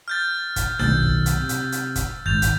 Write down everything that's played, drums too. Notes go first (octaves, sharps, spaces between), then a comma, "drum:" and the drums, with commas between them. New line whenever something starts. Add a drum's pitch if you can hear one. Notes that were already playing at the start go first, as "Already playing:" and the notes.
F6 G6 A6
drum: kick, hi-hat
B1 B2 D#3 E6 G6 A6, drum: snare D4
drum: kick
drum: hi-hat
C3
drum: hi-hat
drum: hi-hat
drum: kick, hi-hat
G#1 G#2 G6 A6 F7
drum: kick, hi-hat